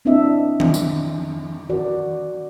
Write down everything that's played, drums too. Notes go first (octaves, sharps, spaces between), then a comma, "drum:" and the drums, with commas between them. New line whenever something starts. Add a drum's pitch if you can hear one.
A#3 C4 D4 E4 D#5 E5
drum: tom D#3
drum: tambourine
F#4 A#4 D5